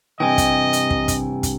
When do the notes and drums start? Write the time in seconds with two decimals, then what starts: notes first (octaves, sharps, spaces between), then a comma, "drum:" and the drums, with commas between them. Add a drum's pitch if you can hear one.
0.20 G2 C3 E3 D#5 G5 G#5
0.38 drum: kick, hi-hat
0.73 drum: hi-hat
0.90 drum: kick
1.08 drum: kick, hi-hat
1.43 drum: kick, hi-hat